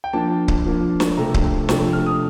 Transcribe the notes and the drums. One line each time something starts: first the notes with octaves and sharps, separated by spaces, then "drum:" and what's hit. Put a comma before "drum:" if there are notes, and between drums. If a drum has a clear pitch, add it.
G5
F3 A#3 D4 A5
drum: kick C#1
F3 A#3 D4
drum: snare
C3 F3 A3 D4 A#5
drum: kick C#1
C3 F3 A3 D4, drum: snare
F6
D#6